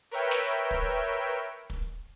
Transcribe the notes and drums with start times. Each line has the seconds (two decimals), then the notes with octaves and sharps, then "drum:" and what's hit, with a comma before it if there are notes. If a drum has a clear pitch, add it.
0.11 A#4 B4 C#5 E5 G5, drum: hi-hat
0.31 drum: snare
0.51 drum: hi-hat
0.71 drum: kick
0.91 drum: hi-hat
1.30 drum: hi-hat
1.70 drum: kick, hi-hat